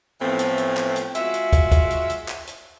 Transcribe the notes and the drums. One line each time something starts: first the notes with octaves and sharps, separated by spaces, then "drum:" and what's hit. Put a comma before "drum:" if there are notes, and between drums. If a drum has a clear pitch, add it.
A2 E3 F3 A3 B3 C4
drum: hi-hat
drum: hi-hat
drum: clap
drum: hi-hat
G#3 F4 F#4 E5, drum: hi-hat
drum: hi-hat
drum: kick, hi-hat
drum: kick, hi-hat
drum: hi-hat
drum: hi-hat
drum: clap
drum: hi-hat